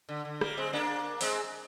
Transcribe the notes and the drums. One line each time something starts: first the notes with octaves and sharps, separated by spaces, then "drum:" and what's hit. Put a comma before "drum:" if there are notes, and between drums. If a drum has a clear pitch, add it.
D3
D3
G3 A#3, drum: rim click
G#3 C4
A#3 D4
G#3 C4, drum: open hi-hat